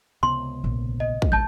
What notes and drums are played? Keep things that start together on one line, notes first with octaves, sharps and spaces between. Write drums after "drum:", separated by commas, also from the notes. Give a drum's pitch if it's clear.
C#2 C3 B3 C6
A#1
D#5
drum: kick
D#1 D#2 G#3 D4 A5 G6